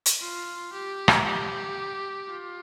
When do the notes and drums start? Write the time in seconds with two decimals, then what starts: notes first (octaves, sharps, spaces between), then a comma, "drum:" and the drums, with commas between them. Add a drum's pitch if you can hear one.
0.06 drum: hi-hat
0.21 F4
0.73 G4
1.08 drum: rim click
1.25 G4
2.28 F4